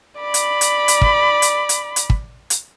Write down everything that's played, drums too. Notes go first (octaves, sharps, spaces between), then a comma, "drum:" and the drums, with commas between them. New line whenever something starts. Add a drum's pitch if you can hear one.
D5 B5
drum: hi-hat
drum: hi-hat
drum: hi-hat
drum: kick
drum: hi-hat
drum: hi-hat
drum: hi-hat
drum: kick
drum: hi-hat